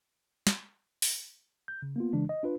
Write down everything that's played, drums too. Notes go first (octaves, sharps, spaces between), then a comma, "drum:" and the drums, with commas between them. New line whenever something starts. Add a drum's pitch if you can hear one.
drum: snare
drum: open hi-hat
G6
C#3
A#3 B3 F4
C#3 E3 G#3 D4
D#5
D4 F4 B4